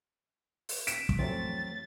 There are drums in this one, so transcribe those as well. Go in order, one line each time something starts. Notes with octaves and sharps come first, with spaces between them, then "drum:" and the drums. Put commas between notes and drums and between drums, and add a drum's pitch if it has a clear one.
drum: open hi-hat
B6 D7 E7, drum: hi-hat
drum: kick
F2 E3 F#3 A3 C4 A6